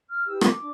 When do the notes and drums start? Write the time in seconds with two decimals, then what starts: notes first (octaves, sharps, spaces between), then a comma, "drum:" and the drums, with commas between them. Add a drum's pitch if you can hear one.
0.09 F6
0.25 E4 G4 B4 E6
0.41 D6, drum: rim click
0.57 D4